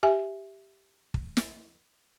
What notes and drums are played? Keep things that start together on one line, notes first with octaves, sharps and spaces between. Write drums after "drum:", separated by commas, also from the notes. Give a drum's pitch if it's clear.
G4 E5 G#5
drum: kick
drum: snare